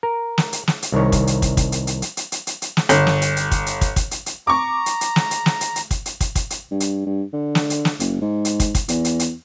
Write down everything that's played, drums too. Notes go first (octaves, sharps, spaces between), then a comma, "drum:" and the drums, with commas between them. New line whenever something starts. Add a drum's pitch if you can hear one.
A#4
drum: snare
drum: hi-hat
drum: snare
drum: hi-hat
C2 D#3 C#5
drum: kick, hi-hat
drum: hi-hat
drum: kick, hi-hat
drum: kick, hi-hat
drum: hi-hat
drum: hi-hat
drum: hi-hat
drum: hi-hat
drum: hi-hat
drum: hi-hat
drum: hi-hat
drum: snare
G1, drum: hi-hat
drum: snare
drum: hi-hat
drum: hi-hat
drum: kick, hi-hat
drum: hi-hat
drum: kick, hi-hat
drum: kick, hi-hat
drum: hi-hat
drum: hi-hat
A#5 C#6 D6
drum: hi-hat
drum: hi-hat
drum: snare
drum: hi-hat
drum: snare
drum: hi-hat
drum: hi-hat
drum: kick, hi-hat
drum: hi-hat
drum: kick, hi-hat
drum: kick, hi-hat
drum: hi-hat
G2
drum: hi-hat
G2
D3
drum: snare
drum: hi-hat
drum: snare
F#1, drum: hi-hat
G#2
drum: hi-hat
drum: kick, hi-hat
drum: kick, hi-hat
E2, drum: hi-hat
drum: hi-hat
drum: hi-hat